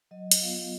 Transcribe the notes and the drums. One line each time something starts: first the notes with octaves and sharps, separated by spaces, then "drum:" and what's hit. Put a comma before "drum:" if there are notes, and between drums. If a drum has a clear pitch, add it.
F#3 D#5
drum: hi-hat
B3 F4 F5